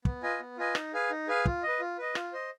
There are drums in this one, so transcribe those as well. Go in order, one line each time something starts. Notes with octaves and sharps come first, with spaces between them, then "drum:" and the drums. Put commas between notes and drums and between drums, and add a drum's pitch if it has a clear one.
B3, drum: kick
F4 B4 D#5 G#5
B3
F4 B4 D#5 G#5
D#4, drum: rim click
G#4 B4 F5 G#5
D#4
G#4 B4 F5 G#5
F4, drum: kick
B4 D#5
F4
B4 D#5
F4, drum: rim click
C5 D#5